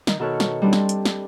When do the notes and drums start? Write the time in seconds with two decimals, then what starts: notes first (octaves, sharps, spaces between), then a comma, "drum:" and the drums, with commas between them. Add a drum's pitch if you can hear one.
0.07 D#3, drum: snare
0.19 B2 D#3 A4 B4 C#5 F6
0.40 drum: snare
0.62 G3 C4 D4
0.73 drum: snare
0.89 drum: hi-hat
1.05 drum: snare